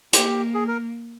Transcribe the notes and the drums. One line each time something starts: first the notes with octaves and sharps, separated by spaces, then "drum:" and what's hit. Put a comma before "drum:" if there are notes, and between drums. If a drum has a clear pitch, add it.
A#3 G4, drum: hi-hat
G#4
A#4